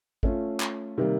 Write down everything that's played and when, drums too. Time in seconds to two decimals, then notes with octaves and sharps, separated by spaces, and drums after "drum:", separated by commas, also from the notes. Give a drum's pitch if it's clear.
0.23 A3 C#4 F4, drum: kick
0.60 drum: clap
0.98 C3 D#3 G3 A#3